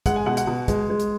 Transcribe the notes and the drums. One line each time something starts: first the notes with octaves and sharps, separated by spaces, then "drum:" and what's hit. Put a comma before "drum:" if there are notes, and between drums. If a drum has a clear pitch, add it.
G#3 F#5, drum: kick, hi-hat
G#5
B2 F#5
F#5, drum: hi-hat
B2
G#3, drum: kick, hi-hat
G#3
drum: hi-hat